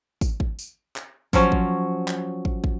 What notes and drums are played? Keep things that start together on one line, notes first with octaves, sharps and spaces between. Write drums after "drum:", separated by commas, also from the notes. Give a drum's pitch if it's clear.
drum: kick, tambourine
drum: kick
drum: tambourine
drum: clap
F3 F#3 C#4, drum: kick, tambourine
drum: kick
drum: clap
drum: kick
drum: kick